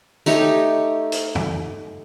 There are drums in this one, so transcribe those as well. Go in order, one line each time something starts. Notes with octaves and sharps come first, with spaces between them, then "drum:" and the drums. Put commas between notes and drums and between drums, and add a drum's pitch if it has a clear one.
A3 D#4 G4 C#5, drum: tambourine
drum: hi-hat
drum: tom F2